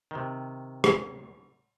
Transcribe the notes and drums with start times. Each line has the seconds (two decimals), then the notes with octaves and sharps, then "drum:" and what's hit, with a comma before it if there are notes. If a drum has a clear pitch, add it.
0.11 C3 D#3
0.84 drum: rim click